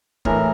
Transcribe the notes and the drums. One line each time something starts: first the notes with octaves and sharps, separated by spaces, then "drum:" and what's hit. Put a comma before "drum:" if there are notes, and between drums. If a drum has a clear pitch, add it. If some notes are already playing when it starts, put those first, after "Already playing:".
A2 E3 G#3 A#4, drum: kick